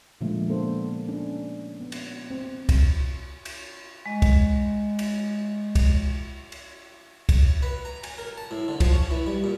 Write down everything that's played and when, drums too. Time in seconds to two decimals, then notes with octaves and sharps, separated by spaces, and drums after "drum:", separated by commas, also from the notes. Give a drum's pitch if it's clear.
0.21 A#2 D3 F3 G#3 A3
0.47 A#3 B3 D4 A4 C5
1.08 C#4 D4 A4
1.80 B3
1.92 drum: cymbal
2.30 C4
2.69 drum: kick C2, cymbal
3.45 drum: cymbal
4.06 G#3 D#5
4.22 drum: kick C2, cymbal
4.99 drum: cymbal
5.75 drum: kick C2, cymbal
6.52 drum: cymbal
7.29 drum: kick C2, cymbal
7.62 B4
7.85 A#5
8.04 G#5, drum: cymbal
8.18 A#4
8.38 A5
8.51 A2
8.68 D3
8.80 F3, drum: kick C2, cymbal
8.93 C#4
9.10 E3
9.27 G3
9.44 A#2